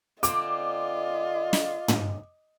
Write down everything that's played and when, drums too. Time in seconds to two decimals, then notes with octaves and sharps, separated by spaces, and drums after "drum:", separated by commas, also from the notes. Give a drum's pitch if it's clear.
0.23 D3 C4 F4 D#5 D6, drum: hi-hat
1.53 drum: snare
1.88 drum: tom